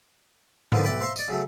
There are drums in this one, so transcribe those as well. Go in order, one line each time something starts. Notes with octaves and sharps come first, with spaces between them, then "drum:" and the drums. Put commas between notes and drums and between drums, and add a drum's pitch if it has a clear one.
D3 F3 A#3 B3 D4 D#4, drum: tom G#2
B1 D5 E5 F#5 G5 B5
C5 E5 F5 A#5 C6 C#6
D5 D#5, drum: tambourine
C#3 F#3 A3